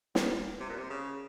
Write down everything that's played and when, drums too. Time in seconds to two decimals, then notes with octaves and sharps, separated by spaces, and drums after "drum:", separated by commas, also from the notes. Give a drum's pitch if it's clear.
0.15 A#2, drum: snare
0.60 C3
0.69 A#2
0.78 C3
0.90 C#3